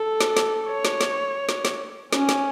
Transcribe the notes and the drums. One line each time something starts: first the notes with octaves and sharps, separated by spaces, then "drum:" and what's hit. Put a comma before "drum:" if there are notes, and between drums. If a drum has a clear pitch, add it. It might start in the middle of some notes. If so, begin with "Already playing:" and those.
Already playing: A4
drum: snare
drum: snare
C#5
drum: snare
drum: snare
drum: snare
drum: snare
C#4, drum: snare
drum: snare